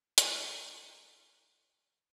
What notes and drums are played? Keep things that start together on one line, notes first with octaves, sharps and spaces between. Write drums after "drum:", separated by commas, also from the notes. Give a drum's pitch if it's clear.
A#4 F5, drum: hi-hat